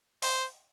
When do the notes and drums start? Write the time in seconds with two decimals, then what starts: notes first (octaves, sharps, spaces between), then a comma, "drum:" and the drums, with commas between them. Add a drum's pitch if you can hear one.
0.22 C5, drum: open hi-hat